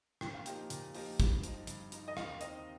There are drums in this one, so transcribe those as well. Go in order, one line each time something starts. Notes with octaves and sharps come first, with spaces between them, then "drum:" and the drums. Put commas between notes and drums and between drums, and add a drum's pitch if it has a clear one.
A#2 G5, drum: rim click
F5
F3 A#3 D#4 G4 G5, drum: hi-hat
A#2, drum: hi-hat
F3 A#3 D#4 G4, drum: open hi-hat
G2, drum: kick, hi-hat
F3 D#4, drum: hi-hat
G2, drum: hi-hat
F3 D#4, drum: hi-hat
D#5
D#2 F5, drum: rim click
D#3 C4 D#4 D#5, drum: hi-hat